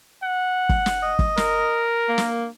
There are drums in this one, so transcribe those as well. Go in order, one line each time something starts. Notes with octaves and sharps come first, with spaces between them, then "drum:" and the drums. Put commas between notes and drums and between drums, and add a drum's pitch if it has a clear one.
F#5
drum: kick
drum: snare
D#5
drum: kick
A#4, drum: snare
A#3
drum: snare